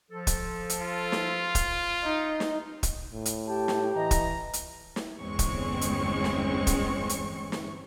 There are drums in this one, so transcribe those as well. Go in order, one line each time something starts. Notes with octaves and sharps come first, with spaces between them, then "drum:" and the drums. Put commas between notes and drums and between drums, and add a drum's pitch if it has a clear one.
F3 A4
drum: kick, hi-hat
drum: hi-hat
F4
drum: snare
drum: kick, hi-hat
D#4
drum: snare
drum: kick, hi-hat
A2
drum: hi-hat
G4 A5
drum: snare
E3 D#5 A#5
drum: kick, hi-hat
drum: hi-hat
drum: snare
G1 E2 G#3 C4 C#4 C#6
drum: kick, hi-hat
drum: hi-hat
drum: snare
drum: kick, hi-hat
drum: hi-hat
drum: snare